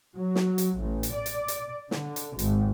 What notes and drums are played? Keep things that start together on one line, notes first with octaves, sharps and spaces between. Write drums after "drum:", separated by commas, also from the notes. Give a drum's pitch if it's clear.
F#3
drum: snare
drum: hi-hat
A1
drum: hi-hat
D5
drum: hi-hat
drum: hi-hat
D3, drum: snare
drum: hi-hat
G#1, drum: hi-hat